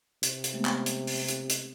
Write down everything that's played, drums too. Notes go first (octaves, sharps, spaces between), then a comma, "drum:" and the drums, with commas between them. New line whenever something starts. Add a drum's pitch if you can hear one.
C3, drum: hi-hat
drum: hi-hat
G#3 A3 B3
drum: clap
drum: hi-hat
drum: open hi-hat
drum: hi-hat
drum: hi-hat